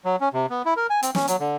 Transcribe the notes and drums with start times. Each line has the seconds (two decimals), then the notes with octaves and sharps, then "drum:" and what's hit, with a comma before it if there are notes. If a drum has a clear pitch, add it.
0.05 F#3
0.21 C#4
0.34 C3
0.50 B3
0.65 E4
0.77 A#4
0.90 G#5
1.03 C4, drum: hi-hat
1.15 C#4, drum: snare
1.28 F#3, drum: hi-hat
1.40 D3